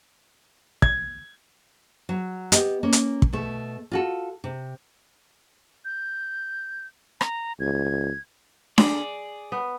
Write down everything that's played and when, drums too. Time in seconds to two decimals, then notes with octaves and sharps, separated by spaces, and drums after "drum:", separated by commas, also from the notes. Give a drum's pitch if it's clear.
0.82 G#6, drum: kick
2.09 F#3
2.52 B3 G4 D#5, drum: hi-hat
2.83 A#3 C#4
2.93 drum: hi-hat
3.22 drum: kick
3.33 B2 A3
3.91 F4 F#4 A4
4.44 C3
5.85 G6
7.21 A#5, drum: rim click
7.60 C#2 G#6
8.78 G#4 D5, drum: snare D4
9.52 B3